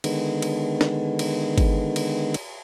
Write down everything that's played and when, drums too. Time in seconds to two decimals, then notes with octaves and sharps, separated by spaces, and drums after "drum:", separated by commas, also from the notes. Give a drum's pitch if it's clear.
0.04 D3 D#3 G#3 B3, drum: cymbal
0.42 drum: cymbal
0.81 drum: snare
1.19 drum: cymbal
1.58 drum: kick G1, cymbal
1.96 drum: cymbal
2.34 drum: cymbal